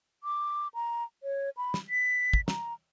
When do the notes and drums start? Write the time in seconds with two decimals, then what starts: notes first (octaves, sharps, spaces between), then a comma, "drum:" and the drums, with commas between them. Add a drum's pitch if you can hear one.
0.24 D6
0.74 A#5
1.23 C#5
1.57 B5
1.74 drum: snare
1.89 B6
2.33 drum: kick
2.48 A#5, drum: snare